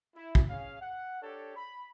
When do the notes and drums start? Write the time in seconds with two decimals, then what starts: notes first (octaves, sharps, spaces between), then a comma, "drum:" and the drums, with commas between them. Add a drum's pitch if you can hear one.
0.15 E4
0.35 drum: kick
0.49 C#4 G#4 F5
0.81 F#5
1.21 D4 G4 A4 C#5 A5
1.56 B5